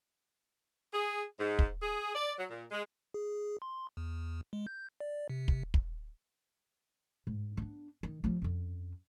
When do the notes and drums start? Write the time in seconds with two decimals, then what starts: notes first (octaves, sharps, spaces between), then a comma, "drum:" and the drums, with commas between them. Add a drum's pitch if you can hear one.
0.92 G#4
1.39 G#2
1.59 drum: kick
1.82 G#4
2.15 D5
2.37 F#3
2.50 A#2
2.71 G#3
3.14 G#4
3.62 C6
3.97 E2
4.53 G#3
4.67 G6
5.00 D5
5.30 C3
5.48 drum: kick
5.74 drum: kick
7.27 G#2
7.57 B3 D4
8.03 D#3
8.24 F3 G3
8.42 F2 C#4